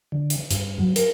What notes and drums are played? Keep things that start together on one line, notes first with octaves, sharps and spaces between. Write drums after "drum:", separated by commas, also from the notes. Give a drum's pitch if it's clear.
D3
drum: hi-hat
G2, drum: hi-hat
F#3
A#4, drum: hi-hat